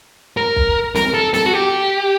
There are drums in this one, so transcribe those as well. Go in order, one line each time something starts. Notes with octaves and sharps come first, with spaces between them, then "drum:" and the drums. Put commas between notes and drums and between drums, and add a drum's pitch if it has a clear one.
A#4
drum: kick
A#4, drum: snare
A4
A4, drum: snare
F#4
G4